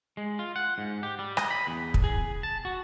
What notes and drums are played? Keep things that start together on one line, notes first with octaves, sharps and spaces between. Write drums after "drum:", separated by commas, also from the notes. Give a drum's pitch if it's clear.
G#3
F4
F#5
G#2
G4
G3
D#5, drum: rim click
B5
E2
drum: kick
G#4
A5
F#4